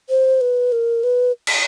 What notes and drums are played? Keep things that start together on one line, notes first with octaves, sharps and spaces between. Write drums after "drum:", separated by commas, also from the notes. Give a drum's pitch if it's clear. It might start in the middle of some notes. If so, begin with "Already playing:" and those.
C5
B4
A#4
B4
drum: cymbal